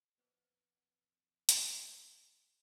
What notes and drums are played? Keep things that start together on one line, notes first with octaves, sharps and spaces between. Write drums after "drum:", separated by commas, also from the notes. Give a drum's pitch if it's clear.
F2 B3
drum: hi-hat